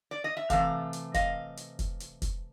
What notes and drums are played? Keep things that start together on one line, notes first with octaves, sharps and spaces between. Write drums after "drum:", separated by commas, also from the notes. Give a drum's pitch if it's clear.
D5
D#5
E5
C3 E3 A3 F5, drum: kick, hi-hat
drum: hi-hat
D#5 F5, drum: kick, hi-hat
drum: hi-hat
drum: kick, hi-hat
drum: hi-hat
drum: kick, hi-hat